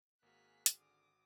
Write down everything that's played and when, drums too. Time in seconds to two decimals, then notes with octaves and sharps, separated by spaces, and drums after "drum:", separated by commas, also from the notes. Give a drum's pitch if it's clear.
0.23 G#1 A#3 F#4 G#4 F6 F#6 B6
0.66 drum: hi-hat
0.78 D3 D6 D#6